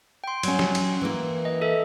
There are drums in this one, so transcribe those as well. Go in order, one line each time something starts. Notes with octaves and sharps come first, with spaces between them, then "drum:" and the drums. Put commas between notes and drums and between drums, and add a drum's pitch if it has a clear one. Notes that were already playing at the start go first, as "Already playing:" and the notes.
G5 C6
F#3 C#4, drum: cymbal
drum: snare
drum: cymbal
E3 A#3
D#5
A4 D#5 E5